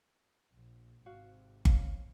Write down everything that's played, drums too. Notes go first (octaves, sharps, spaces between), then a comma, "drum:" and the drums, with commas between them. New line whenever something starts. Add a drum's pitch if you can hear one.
A#1
G#1 C3 F#4 F5
C#5 F5, drum: kick G1